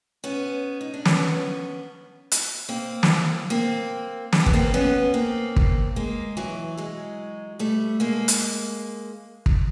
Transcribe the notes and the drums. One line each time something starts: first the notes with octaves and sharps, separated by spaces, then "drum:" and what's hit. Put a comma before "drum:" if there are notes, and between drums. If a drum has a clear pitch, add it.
B3 C#4
D#4
D4
B3 C#4, drum: snare
drum: hi-hat
A#3 C4
drum: snare
A#3 C4
C#4, drum: snare
C4
B3, drum: kick
A#3 C4
B3 C#4
A#3 C4
drum: kick
G#3 A#3
E3 F#3
F#3 G#3
G3 A3
G#3 A#3
drum: hi-hat
drum: kick